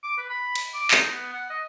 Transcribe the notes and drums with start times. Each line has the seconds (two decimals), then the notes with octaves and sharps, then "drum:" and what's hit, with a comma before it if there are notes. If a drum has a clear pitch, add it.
0.03 D6
0.17 B4
0.29 B5
0.55 drum: cymbal
0.74 D6
0.91 D#4, drum: clap
1.11 B3
1.32 F#5
1.50 D#5